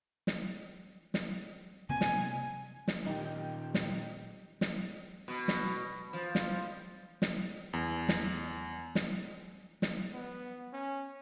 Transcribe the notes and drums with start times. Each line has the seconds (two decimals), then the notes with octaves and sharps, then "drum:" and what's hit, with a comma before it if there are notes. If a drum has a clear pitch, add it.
0.27 drum: snare
1.14 drum: snare
1.89 C3 A#3 G#5
2.01 drum: snare
2.88 drum: snare
3.06 A#2 D#3 D#4 G4
3.74 drum: snare
4.61 drum: snare
5.28 B2
5.48 drum: snare
6.13 F3
6.35 drum: snare
7.22 drum: snare
7.73 E2
8.09 drum: snare
8.95 drum: snare
9.82 drum: snare
10.14 B3
10.73 C#4